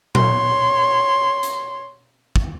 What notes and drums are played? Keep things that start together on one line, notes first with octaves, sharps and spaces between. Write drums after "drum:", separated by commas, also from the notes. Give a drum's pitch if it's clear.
C#5 C6, drum: tom A#2
drum: hi-hat
drum: kick